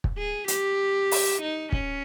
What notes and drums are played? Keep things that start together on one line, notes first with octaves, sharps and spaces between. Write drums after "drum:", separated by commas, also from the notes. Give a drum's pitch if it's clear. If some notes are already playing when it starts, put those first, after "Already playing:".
drum: kick
G#4
G4, drum: hi-hat
drum: open hi-hat
D#4
C#4, drum: kick